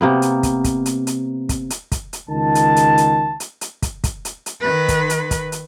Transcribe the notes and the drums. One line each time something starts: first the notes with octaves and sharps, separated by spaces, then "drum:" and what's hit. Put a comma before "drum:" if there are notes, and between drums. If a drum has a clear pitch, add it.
C3 A#3 B3
drum: hi-hat
drum: kick, hi-hat
drum: kick, hi-hat
drum: hi-hat
drum: hi-hat
drum: kick, hi-hat
drum: hi-hat
drum: kick, hi-hat
drum: hi-hat
C#2 D#3 A5
drum: hi-hat
drum: hi-hat
drum: hi-hat
drum: hi-hat
drum: hi-hat
drum: kick, hi-hat
drum: kick, hi-hat
drum: hi-hat
drum: hi-hat
D#3 B4
drum: kick, hi-hat
drum: hi-hat
drum: kick, hi-hat
drum: hi-hat